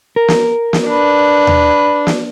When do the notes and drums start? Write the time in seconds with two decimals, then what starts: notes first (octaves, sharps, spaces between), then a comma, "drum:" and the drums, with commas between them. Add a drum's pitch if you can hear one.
0.16 A#4
0.28 drum: snare
0.73 drum: snare
0.88 D4 B4
1.47 drum: tom D#2
2.07 drum: snare